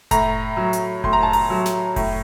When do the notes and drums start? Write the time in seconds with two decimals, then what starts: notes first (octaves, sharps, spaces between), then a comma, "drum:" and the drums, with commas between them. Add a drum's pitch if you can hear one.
0.11 A2 A#5, drum: kick F1, hi-hat
0.57 F#3
0.73 drum: hi-hat
1.04 A2 C6, drum: kick F1
1.13 A#5
1.23 A5
1.33 A#5, drum: open hi-hat
1.50 F#3
1.66 drum: snare
1.96 A2, drum: kick F1, open hi-hat